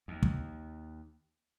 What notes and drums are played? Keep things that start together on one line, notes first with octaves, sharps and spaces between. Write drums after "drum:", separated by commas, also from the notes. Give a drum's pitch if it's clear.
D#2
drum: kick